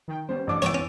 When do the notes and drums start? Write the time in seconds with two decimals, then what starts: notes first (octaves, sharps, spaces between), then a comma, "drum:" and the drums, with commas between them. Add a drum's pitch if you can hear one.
0.08 D#3 G5
0.29 G3 B3 C#4 C5
0.47 A1 G3 D4 C#5 D6
0.62 E3 C#5 G5 D6 E6 A6, drum: tom
0.75 C#4